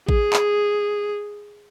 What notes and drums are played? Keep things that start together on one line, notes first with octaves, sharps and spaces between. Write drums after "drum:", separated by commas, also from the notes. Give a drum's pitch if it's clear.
G#4, drum: kick A1
drum: clap